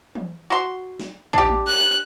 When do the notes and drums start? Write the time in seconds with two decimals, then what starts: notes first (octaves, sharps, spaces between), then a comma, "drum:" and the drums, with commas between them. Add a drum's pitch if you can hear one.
0.15 drum: tom E3
0.50 F#4 C6
1.00 drum: snare
1.33 D4 G4, drum: kick
1.49 drum: tom
1.67 F#6